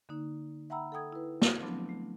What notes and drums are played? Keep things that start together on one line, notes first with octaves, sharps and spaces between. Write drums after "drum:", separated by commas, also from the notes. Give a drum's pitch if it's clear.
D3 A#3 D#4
E5 F#5 G5 A#5 B5 E6
A4 F#5 G5 D#6 G#6
E4 B4
drum: snare
F3 F#3 A3 B3 C4 D4
A3